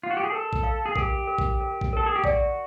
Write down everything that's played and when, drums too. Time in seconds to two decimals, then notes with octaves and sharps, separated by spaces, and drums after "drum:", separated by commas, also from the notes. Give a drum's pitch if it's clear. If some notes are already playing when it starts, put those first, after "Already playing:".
0.03 F4
0.11 F#4
0.17 G4
0.24 G#4
0.31 A4 A#4
0.53 drum: kick A#1
0.63 F5
0.86 G#4
0.96 G4 A#4, drum: kick A#1
1.27 A#4
1.38 drum: kick A#1
1.61 A#4
1.81 drum: kick A#1
1.93 A4 A#4
2.06 G#4
2.16 G4
2.24 F#4 D5, drum: kick A#1